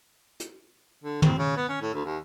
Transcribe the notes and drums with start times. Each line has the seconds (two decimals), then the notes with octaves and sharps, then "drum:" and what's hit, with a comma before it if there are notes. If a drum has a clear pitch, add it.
0.40 drum: hi-hat
1.04 D3
1.22 C4, drum: tom
1.38 C#3
1.57 B3
1.69 C#4
1.82 A2
1.94 D2
2.06 D#2